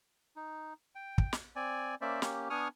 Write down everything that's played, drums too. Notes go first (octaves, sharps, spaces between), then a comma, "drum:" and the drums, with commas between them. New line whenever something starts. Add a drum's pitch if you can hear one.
D#4
G5
drum: kick
drum: snare
C4 D5 G#5
A#3 C#4 C5 D5 E5
A#3 C#4 G4, drum: snare
B3 D4 G#5 C#6 D#6 F6